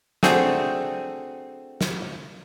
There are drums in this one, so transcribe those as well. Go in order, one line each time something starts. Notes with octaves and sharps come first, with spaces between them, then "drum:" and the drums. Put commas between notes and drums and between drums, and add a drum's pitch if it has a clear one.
A3 C4 D4 F#4 G#4 E5, drum: snare
drum: snare